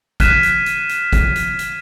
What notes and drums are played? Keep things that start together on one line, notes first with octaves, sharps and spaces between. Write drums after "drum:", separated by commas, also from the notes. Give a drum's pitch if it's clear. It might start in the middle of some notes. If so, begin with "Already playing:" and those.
F6 F#6 G#6 B6 D#7 E7, drum: kick, hi-hat
drum: hi-hat
drum: hi-hat
drum: hi-hat
drum: kick, hi-hat
drum: hi-hat
drum: hi-hat